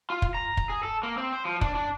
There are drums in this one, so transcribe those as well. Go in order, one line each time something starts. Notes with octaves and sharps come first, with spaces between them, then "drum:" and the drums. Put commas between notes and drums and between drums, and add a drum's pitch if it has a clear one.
F4
drum: kick
A#5
drum: kick
G#4
A4
A#3
C4
C5
F3
D4, drum: kick
D4